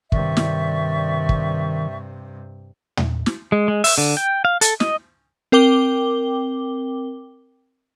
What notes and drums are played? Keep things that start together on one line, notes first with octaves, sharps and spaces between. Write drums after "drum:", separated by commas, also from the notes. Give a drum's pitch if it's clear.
G2 C3 D#3 D5 E5 C#6, drum: kick
drum: snare
drum: kick
drum: tom
drum: snare
G#3
G#3
E5, drum: open hi-hat
D3
G5
F5
A4, drum: hi-hat
D#5, drum: snare
C4 A#4 G5 D6 G7